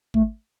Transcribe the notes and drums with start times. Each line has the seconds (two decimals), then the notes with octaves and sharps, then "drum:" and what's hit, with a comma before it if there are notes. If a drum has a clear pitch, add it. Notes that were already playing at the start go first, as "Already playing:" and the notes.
0.14 A3, drum: kick G#1